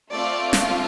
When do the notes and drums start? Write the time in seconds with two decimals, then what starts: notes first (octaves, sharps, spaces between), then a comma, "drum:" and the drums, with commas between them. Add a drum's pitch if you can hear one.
0.11 A3 C4 F4 D5
0.53 drum: snare